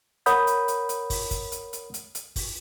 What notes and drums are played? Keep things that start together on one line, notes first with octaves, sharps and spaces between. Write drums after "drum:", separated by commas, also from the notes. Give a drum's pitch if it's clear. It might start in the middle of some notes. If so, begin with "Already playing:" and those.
A#4 C#5 F#5 B5 D#6 G6, drum: hi-hat
drum: hi-hat
drum: hi-hat
drum: hi-hat
drum: kick, open hi-hat
drum: kick, hi-hat
drum: hi-hat
drum: hi-hat
drum: hi-hat
drum: hi-hat
drum: kick, open hi-hat